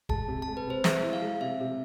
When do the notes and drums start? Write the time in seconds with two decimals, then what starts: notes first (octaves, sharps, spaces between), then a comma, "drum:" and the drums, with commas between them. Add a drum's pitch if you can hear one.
0.09 G#3 A5, drum: kick
0.28 C3
0.42 A5
0.48 G#3
0.57 B4
0.66 C3 C5
0.84 G#3 E5, drum: snare
1.03 E4
1.13 F5
1.22 G#3
1.41 C3 E5
1.60 C3